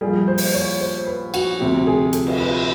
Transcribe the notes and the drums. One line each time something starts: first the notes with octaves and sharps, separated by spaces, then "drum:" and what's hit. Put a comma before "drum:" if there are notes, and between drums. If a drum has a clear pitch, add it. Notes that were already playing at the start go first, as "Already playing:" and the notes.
A#1 A#2 G3 G#4
C5
drum: open hi-hat
C#5
C5
B4
F#4, drum: cymbal
D2 C3 F3 G4
G#4
A4, drum: hi-hat
drum: cymbal
B4